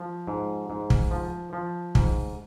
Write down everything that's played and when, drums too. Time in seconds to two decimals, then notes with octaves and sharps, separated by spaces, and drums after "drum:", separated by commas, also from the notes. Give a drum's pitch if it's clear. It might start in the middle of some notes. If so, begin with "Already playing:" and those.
Already playing: F3
0.27 G#2
0.70 G#2
0.90 drum: kick
1.11 F3
1.53 F3
1.95 G#2, drum: kick